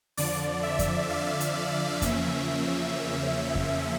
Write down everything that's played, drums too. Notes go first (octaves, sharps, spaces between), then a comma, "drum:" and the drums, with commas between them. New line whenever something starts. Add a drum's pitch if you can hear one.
F2 D3 F3 D5, drum: open hi-hat
E5
drum: kick F2, hi-hat
F5
drum: hi-hat
E2 C#3 F3 A#3 C#4 E5, drum: kick F2, hi-hat
drum: kick F2